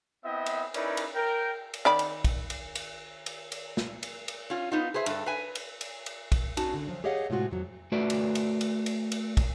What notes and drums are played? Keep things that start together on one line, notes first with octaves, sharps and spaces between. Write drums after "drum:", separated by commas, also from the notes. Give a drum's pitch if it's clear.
B3 C4 E4 D#5 E5 G5
drum: cymbal
C#4 D#4 E4 A#4 B4 D5, drum: cymbal
drum: cymbal
A#4 G5
drum: cymbal
D#3 D5 B5
drum: cymbal
drum: kick, cymbal
drum: cymbal
drum: cymbal
drum: cymbal
drum: cymbal
drum: snare
drum: cymbal
drum: cymbal
C#4 F4
B3 D#4 F4
G#4 B4 C5 E5
G2 A4, drum: cymbal
B4 G#5
drum: cymbal
drum: cymbal
drum: cymbal
drum: kick, cymbal
C#4 D#4 F#4 A5, drum: cymbal
D3
F3 F#3
G4 G#4 C#5 D#5 F5 F#5
A2 C3 G#3 F4 F#4 G#4
F2 F#3
A3 F#4 B4 D5 E5
drum: cymbal
drum: cymbal
drum: cymbal
drum: cymbal
drum: cymbal
drum: kick, cymbal